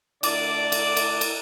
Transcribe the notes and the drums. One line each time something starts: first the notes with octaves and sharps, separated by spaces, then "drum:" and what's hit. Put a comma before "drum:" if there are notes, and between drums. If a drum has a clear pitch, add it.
D3 A3 D4 D5, drum: cymbal
drum: cymbal
drum: cymbal
drum: cymbal